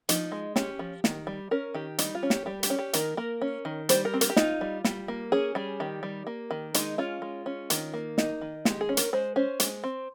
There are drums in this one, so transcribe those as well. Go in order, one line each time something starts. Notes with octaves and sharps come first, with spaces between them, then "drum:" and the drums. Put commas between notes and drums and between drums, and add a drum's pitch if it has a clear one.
F3 D#4, drum: hi-hat
G#3
C#4 G4, drum: snare
F3
D#3, drum: snare
G3
C#4 A#4
D#3 G4
G3 D#4, drum: hi-hat
F4
C#4
G4, drum: snare
G3 G4
G4, drum: hi-hat
C#4
G4
D#3 A#4, drum: hi-hat
A#3 A#4
C#4
D#3
G3 C5, drum: hi-hat
A#4
C4
A#4, drum: hi-hat
G4
D#4 F4, drum: snare
G3
G3, drum: snare
A#3
C#4 G#4
G3 G#4
D#3 G4
G3
A#3
D#3
G#3 D#4, drum: hi-hat
C#4 F4
G#3
C#4
D#3, drum: hi-hat
A#3
D#4, drum: snare
D#3
G#3 G4, drum: snare
G#4
C#4
A#4, drum: hi-hat
G#3 C5
C#4 C5
G#3, drum: hi-hat
C4